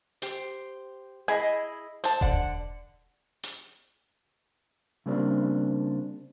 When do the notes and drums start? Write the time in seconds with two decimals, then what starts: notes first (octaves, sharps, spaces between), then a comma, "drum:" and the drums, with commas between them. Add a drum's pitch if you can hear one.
0.22 G4 C5, drum: hi-hat
1.28 E4 G#4 D#5 G#5
2.04 C5 A5, drum: hi-hat
2.21 D3 D5 F#5, drum: kick E1
3.43 drum: hi-hat
5.06 C#3 G3 A#3 C4 D4